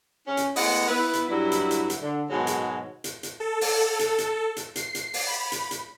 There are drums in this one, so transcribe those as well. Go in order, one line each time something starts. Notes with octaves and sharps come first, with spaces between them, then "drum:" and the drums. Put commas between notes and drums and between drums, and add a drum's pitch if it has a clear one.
C#4
drum: hi-hat
G#3 A3 B3 E4 D#5 F#5, drum: open hi-hat
B3 E4 B4
drum: hi-hat
G2 F#3 G3 E4
drum: hi-hat
drum: hi-hat
drum: hi-hat
D3
G#2 B2 D#3 F#3 G#3
drum: hi-hat
drum: hi-hat
drum: hi-hat
A4
drum: open hi-hat
drum: hi-hat
drum: hi-hat
drum: hi-hat
C7, drum: hi-hat
drum: hi-hat
drum: open hi-hat
B5
drum: hi-hat
drum: hi-hat